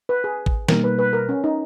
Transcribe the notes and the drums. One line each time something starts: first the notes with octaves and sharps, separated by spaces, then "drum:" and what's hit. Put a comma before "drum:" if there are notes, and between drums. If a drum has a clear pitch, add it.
B4
G#4
drum: kick
B2 G3 A#3 D#4 A#4, drum: snare
B4
B4
A#4
C#4
D#4